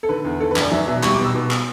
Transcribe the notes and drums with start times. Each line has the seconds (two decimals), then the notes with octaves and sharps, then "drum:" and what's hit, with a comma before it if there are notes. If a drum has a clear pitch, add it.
0.03 A4
0.09 D3 B4
0.25 E2
0.40 D3 A4
0.51 B4
0.56 F#2, drum: clap
0.62 D5
0.72 F#3 E5
0.88 B2 E5
1.03 G3 C#6, drum: clap
1.14 D6
1.19 B2
1.24 E6
1.35 B2
1.51 drum: clap